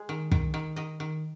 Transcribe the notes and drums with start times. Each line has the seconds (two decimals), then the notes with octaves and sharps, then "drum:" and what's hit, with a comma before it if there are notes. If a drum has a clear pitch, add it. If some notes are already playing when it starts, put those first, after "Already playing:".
Already playing: G#3
0.09 D#3
0.31 D#3, drum: kick
0.54 D#3
0.76 D#3 D#5
1.00 D#3